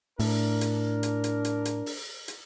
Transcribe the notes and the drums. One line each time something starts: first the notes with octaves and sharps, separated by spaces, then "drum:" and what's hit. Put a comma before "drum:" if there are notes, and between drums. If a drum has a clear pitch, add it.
A2 D4 A#4, drum: open hi-hat
drum: hi-hat
drum: hi-hat
drum: hi-hat
drum: hi-hat
drum: hi-hat
drum: open hi-hat
drum: hi-hat